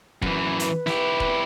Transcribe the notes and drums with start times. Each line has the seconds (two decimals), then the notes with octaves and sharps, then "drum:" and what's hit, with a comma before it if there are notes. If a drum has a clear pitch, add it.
0.22 F#2 E3 B4, drum: kick E1
0.60 drum: hi-hat
0.87 E4 G4, drum: snare
1.20 drum: kick E1